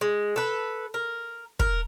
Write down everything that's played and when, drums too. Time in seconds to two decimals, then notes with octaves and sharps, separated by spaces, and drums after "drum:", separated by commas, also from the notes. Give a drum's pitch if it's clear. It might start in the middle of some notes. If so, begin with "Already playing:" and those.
0.01 G#3
0.36 A4 B4
0.94 A#4
1.59 A#4, drum: kick